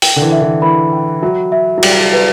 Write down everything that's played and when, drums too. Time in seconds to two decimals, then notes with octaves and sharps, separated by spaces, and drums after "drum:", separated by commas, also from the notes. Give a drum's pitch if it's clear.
0.02 G5, drum: open hi-hat
0.16 D3
0.22 E3
0.32 E5
0.42 E3
0.62 E3 B5
0.92 G5
1.22 F#3 E5
1.52 E5
1.78 F#3
1.83 G3 G5, drum: cymbal
2.13 B4